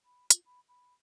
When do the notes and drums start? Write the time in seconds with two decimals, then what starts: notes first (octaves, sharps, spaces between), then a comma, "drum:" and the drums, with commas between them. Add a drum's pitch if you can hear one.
0.05 B5
0.31 F4, drum: hi-hat
0.46 B5
0.69 B5